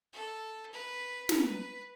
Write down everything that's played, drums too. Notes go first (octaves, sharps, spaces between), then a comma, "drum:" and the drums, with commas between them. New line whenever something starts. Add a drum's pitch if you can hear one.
A4
B4
B4, drum: snare